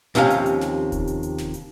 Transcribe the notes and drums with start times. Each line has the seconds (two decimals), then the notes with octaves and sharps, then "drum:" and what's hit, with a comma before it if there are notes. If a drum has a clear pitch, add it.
0.15 D#2 C3 F3 C#4 F5, drum: snare
0.30 drum: hi-hat
0.46 drum: hi-hat
0.61 drum: snare
0.92 drum: kick D#1, hi-hat
1.07 drum: hi-hat
1.23 drum: hi-hat
1.38 drum: snare
1.54 drum: hi-hat